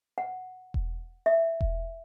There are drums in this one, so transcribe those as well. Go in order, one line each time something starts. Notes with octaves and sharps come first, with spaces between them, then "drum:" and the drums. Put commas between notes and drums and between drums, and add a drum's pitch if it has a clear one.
F#5
drum: kick E1
E5
drum: kick E1